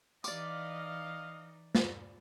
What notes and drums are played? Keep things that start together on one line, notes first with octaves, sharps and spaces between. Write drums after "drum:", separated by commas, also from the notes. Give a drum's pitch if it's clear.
E3 D#4 D5 D#5 F5 D6, drum: tambourine
drum: snare